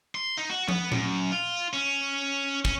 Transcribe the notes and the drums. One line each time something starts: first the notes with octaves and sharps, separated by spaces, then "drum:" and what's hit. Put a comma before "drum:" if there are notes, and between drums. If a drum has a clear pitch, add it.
C6
D#4
F#4
B3, drum: tom F3
F#2, drum: tom A#2
F4
C#4
C#4, drum: kick